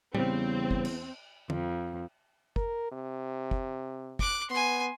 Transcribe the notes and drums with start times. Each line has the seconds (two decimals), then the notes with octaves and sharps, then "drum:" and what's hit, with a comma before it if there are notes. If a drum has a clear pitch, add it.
0.15 E2 C#3 G3 C4, drum: tom A2
0.71 drum: kick
0.85 drum: cymbal
1.50 F2, drum: tom
2.56 A#4, drum: kick
2.92 C3
3.51 drum: kick
4.19 D6 F#6, drum: kick
4.50 B3 G#5 C6